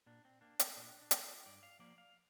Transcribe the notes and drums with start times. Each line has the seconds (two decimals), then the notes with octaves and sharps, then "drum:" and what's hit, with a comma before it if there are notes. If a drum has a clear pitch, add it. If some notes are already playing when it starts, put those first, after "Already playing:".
0.06 A#2 D4
0.25 C4
0.41 A#3 D4
0.59 C4, drum: hi-hat
0.76 A#2 D4
1.01 D4
1.11 A#3 F4, drum: hi-hat
1.46 G2 D5
1.63 F5
1.79 F3 A#3 D5
1.98 F5